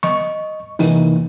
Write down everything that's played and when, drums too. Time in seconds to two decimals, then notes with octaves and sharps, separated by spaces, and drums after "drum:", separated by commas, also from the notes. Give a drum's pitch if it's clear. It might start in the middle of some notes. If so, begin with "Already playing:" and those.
0.03 D#5 C#6, drum: snare
0.79 C3 E3 A#3 D#4, drum: open hi-hat